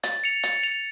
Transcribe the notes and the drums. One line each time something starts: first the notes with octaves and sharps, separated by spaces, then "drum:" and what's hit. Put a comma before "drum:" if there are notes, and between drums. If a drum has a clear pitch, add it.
A6, drum: hi-hat
C#7 F7
A6, drum: hi-hat
C#7 F7